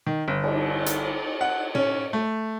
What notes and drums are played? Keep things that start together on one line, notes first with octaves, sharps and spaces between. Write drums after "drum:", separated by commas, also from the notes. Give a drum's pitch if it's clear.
D#3
G1
drum: cymbal
drum: hi-hat
F#5
C#4, drum: tom
A3